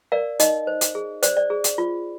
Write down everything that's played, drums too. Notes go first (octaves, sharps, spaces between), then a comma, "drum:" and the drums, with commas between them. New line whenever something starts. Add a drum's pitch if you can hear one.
A#4 D5 F5
D#4 D#5, drum: hi-hat
C5
drum: hi-hat
G#4
C5 D5, drum: hi-hat
D5
G#4
drum: hi-hat
F4